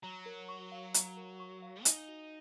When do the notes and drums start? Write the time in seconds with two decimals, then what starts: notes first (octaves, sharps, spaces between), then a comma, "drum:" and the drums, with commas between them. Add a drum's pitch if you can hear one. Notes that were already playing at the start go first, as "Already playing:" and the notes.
0.03 F#3 A#5
0.26 A#4
0.49 C#6
0.72 F5
0.94 A#5, drum: hi-hat
1.17 A#4
1.40 C#6
1.62 F5
1.85 D#4 G#5, drum: hi-hat
2.08 F#4